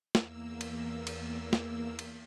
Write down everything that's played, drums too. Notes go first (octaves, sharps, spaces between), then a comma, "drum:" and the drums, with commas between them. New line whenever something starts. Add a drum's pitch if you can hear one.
E2 A#3 E6, drum: snare
drum: cymbal
drum: cymbal
drum: snare
drum: cymbal